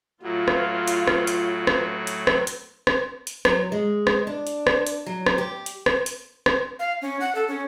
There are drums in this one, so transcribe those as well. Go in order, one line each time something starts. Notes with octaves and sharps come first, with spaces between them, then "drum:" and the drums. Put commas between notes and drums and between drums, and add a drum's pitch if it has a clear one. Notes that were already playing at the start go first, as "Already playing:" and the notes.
A2 F#3 F4
drum: rim click
drum: hi-hat
drum: rim click
drum: hi-hat
drum: rim click
drum: hi-hat
drum: rim click
drum: hi-hat
drum: rim click
drum: hi-hat
F#3, drum: rim click
G#3
drum: rim click
D4
drum: hi-hat
drum: rim click
drum: hi-hat
F#3
drum: rim click
G4
drum: hi-hat
drum: rim click
drum: hi-hat
drum: rim click
F5
C#4
F#5
A4
C#4